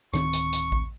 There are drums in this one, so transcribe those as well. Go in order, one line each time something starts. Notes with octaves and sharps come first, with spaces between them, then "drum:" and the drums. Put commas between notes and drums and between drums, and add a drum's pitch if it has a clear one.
D1 D#3 C4 C#6, drum: rim click
drum: hi-hat
drum: hi-hat
drum: kick A1